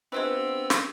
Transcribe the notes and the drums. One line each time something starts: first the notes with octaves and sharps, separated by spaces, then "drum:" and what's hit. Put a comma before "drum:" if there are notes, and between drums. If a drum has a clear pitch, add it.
G#3 B3 C4 D4 F4 G4 B4 E6
drum: snare